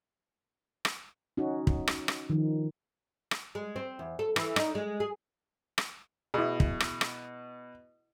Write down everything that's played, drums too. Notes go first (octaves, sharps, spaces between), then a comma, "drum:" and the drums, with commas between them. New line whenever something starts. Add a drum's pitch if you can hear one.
drum: rim click
C#4 D#4 F#4
drum: kick
drum: rim click
drum: rim click
D#3 F3
drum: rim click
G#3
C4
E2
A4
E3, drum: rim click
D#4, drum: rim click
G#3
G#4
drum: rim click
B2 E4 G#4
drum: kick
drum: rim click
drum: rim click